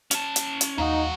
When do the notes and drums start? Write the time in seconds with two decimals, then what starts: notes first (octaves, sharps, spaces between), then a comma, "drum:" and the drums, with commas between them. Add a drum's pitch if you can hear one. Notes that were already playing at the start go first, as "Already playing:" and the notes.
0.11 C#4 A5, drum: hi-hat
0.36 drum: hi-hat
0.61 drum: hi-hat
0.78 D#2 G#2 D#4 F#4 F5